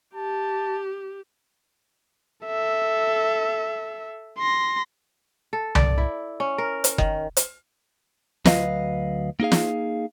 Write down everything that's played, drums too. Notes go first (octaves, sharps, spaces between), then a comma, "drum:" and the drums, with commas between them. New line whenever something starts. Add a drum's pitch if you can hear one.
G4 A5
A4 E5
C6 A#6
A4
D5, drum: tom C2
E4
C#4
A#4
drum: hi-hat
D#3, drum: kick F#1
drum: hi-hat
D2 F#3 B4 D#5 F5, drum: snare
A#3 D#4 G#4 F5
drum: snare